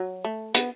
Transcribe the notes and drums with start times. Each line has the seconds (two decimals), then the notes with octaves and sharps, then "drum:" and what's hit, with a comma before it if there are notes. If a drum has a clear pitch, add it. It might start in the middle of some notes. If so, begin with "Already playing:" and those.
Already playing: F#3
0.24 A3
0.55 B3, drum: hi-hat